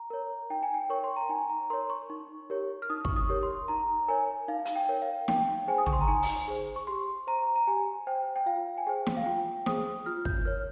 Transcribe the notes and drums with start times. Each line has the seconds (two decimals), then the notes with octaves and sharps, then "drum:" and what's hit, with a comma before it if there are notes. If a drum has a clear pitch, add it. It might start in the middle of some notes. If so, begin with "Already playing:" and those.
Already playing: A#5
0.10 A#4 C#5
0.50 D#4 G5
0.63 G#5
0.74 G5
0.89 A#4 C#5 C#6
1.04 C6
1.16 A#5
1.29 D#4 G#5
1.49 A#5
1.70 A#4 C#5 C6
1.90 C#6
2.10 D#4
2.50 G4 A#4 C#5
2.82 F6
2.90 D#4 D#6
3.05 C#6, drum: kick
3.16 D#6
3.29 G4 A#4 C#5
3.43 C6
3.68 D#4 A#5
4.09 A#4 C#5 G#5
4.48 D#4 F5
4.65 F5, drum: hi-hat
4.76 G5
4.89 A#4 C#5
5.02 F5
5.28 D#4 G5, drum: snare
5.68 G#4 C5 G#5
5.78 D#6
5.86 C#6, drum: tom
5.93 C6
6.01 A#5
6.08 D#4 G#5
6.22 drum: open hi-hat
6.48 G#4 C5
6.76 C#6
6.87 G4 C6
7.27 C5 A#5
7.56 A#5
7.67 G4 G#5
8.07 C5 G5
8.36 G5
8.46 F4 F5
8.78 G#5
8.87 G#4 C5 G5
9.06 drum: snare
9.17 F5
9.26 F4 G5
9.66 G#4 C5 D#6, drum: snare
10.06 F4 F6
10.25 G6, drum: kick
10.45 A#4 C#5 F6